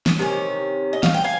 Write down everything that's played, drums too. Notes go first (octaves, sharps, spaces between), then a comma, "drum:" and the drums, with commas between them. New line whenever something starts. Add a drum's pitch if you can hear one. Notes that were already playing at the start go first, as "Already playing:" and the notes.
drum: snare
C3 D#3 C#4
D#5
F5, drum: snare
G5
F5 G#5